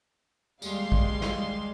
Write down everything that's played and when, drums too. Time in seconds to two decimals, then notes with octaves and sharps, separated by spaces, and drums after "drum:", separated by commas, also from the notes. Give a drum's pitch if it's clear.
0.62 D#2 G3 G#3 F5 C6, drum: tambourine
0.92 drum: kick
1.22 drum: snare